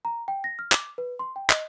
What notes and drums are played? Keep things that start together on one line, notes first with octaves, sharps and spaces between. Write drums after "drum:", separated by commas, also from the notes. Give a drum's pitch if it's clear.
A#5
G5
A#6
F6
D6, drum: clap
B4
C6
G5
D#5, drum: clap